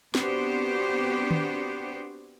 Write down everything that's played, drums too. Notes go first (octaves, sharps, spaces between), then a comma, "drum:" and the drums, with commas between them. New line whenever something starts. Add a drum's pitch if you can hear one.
B3 C4 D4 F#4 G4 C5, drum: snare
drum: tom D#3